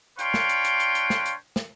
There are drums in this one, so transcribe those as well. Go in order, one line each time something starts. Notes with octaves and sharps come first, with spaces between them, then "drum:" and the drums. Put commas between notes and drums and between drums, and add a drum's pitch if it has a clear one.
D4 B4 C#5 F5 G5 C6, drum: hi-hat
drum: snare
drum: hi-hat
drum: hi-hat
drum: hi-hat
drum: hi-hat
drum: snare
drum: hi-hat
drum: snare